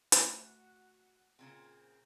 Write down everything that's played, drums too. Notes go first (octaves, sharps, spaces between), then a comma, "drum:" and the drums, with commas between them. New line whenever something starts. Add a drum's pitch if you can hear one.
A3 F#4 F#5 G#5, drum: hi-hat
A#2 C#3 C4 F4 C5